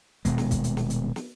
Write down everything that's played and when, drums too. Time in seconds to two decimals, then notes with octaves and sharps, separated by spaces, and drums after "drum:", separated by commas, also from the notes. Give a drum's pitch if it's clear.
0.25 D#1 B2 G#3, drum: hi-hat
0.38 drum: snare
0.51 drum: kick, hi-hat
0.64 drum: hi-hat
0.77 drum: snare
0.90 drum: hi-hat
1.16 drum: snare